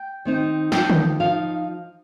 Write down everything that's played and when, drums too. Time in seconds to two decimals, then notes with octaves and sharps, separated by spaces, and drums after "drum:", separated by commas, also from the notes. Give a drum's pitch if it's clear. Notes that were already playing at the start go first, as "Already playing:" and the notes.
Already playing: G5
0.25 D#3 C4 D#4
0.72 F3 D#4 G5, drum: snare
0.90 drum: tom D3
1.20 F3 D#4 F5